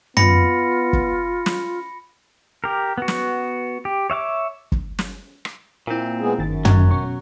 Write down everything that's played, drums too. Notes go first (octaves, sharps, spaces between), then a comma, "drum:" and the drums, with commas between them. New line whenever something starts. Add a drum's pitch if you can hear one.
B3 F4 B5 A#6 C#7, drum: tom
drum: kick
drum: snare
G4 A#4
B3 F#4
drum: snare
G4
C#5 E5 F5 D6
drum: kick
drum: snare
drum: rim click
A#2 A#3 C4 E4
G#3 B3 G#4
G1 F#2 D#3 A6
F#3, drum: tom
B2 C#4 C#6